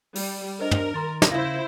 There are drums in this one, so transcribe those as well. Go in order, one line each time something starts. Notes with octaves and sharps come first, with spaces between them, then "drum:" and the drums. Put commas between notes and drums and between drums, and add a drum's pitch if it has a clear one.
G3, drum: open hi-hat
D4 A#4 C5 D#5
drum: tom
D#3 A#5 C6 A6
drum: snare
C#3 E4 C5 F5 A#6